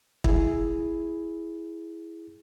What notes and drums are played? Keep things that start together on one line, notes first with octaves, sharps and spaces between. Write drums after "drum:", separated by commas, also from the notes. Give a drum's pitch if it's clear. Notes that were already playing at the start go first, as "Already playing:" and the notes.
E4 G#4, drum: kick